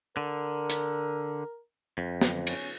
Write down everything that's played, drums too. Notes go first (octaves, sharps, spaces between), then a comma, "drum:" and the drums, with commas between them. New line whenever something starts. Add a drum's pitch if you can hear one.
D3 A#4
drum: hi-hat
F2
drum: snare
C#4, drum: cymbal